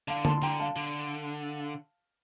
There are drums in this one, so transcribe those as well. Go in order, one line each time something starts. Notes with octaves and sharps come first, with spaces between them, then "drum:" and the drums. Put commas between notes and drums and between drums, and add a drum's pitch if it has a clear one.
D3 F5 A5
A5 C6, drum: tom D3
C6
D3 G5 A#5
F5 A5
D3